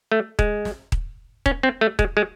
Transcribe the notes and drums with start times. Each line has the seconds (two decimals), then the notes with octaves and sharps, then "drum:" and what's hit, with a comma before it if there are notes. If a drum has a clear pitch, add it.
0.12 A3
0.39 G#3, drum: kick D#1
0.65 drum: snare
0.92 drum: kick D#1
1.46 C#4, drum: kick D#1
1.63 C4
1.81 A3
1.99 G#3, drum: kick D#1
2.17 G#3